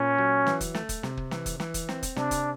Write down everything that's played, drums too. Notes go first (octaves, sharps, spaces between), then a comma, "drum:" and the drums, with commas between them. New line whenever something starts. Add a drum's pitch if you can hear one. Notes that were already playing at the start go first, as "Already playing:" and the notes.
Already playing: A#2 C#4
F#3
E3, drum: snare
drum: kick, hi-hat
A3, drum: snare
drum: kick, hi-hat
C3, drum: snare
drum: kick
E3, drum: snare
drum: kick, hi-hat
E3, drum: snare
drum: kick, hi-hat
C4, drum: snare
drum: kick, hi-hat
C3 D4, drum: snare
drum: kick, hi-hat